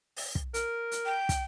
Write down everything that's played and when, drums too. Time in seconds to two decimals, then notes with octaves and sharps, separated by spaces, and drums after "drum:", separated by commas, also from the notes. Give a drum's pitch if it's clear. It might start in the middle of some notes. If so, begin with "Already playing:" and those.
0.17 drum: open hi-hat
0.35 drum: kick
0.54 A#4, drum: hi-hat
0.91 drum: hi-hat
1.06 G5
1.29 drum: kick, hi-hat